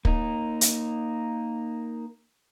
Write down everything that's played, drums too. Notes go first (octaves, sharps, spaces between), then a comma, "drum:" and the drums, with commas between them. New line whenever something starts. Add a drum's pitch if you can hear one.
A#3 D#4, drum: kick
drum: hi-hat